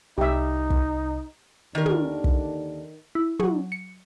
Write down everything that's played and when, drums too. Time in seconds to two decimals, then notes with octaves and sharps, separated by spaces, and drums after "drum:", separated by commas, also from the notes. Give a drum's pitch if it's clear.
0.18 C2 D#4 G4 E5
0.70 drum: kick
1.75 D#2 D3 D#3 D4 A#4
1.86 drum: tom
2.24 drum: kick
3.15 E4
3.40 F#3, drum: tom
3.72 C#7